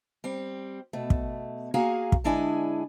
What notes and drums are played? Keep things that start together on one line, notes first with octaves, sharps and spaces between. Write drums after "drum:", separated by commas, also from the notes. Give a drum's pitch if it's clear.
G3 C4
B2 A3
drum: kick
A#3 F#4 G#4 F5 G#5 A#5
drum: kick
D3 G#3 D4 E4 G#4 G#5